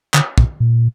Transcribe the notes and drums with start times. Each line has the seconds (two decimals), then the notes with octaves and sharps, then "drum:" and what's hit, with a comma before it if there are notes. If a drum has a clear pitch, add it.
0.14 D3, drum: clap
0.38 A#2, drum: kick
0.60 A#2